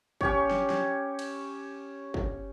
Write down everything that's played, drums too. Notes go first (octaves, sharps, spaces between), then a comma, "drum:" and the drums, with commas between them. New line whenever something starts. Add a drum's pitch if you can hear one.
C#4 G4 C#5, drum: kick
drum: snare
drum: snare
drum: cymbal
drum: kick